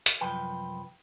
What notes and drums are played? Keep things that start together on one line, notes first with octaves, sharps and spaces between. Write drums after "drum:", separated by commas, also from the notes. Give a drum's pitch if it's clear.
drum: hi-hat
C2 F#2 F3 B4 G5